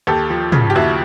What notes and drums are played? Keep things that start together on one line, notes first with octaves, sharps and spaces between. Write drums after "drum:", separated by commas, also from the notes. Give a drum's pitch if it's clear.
D#2 G4 A4
F3
C#3, drum: tom
G4
D#2 E4 F#4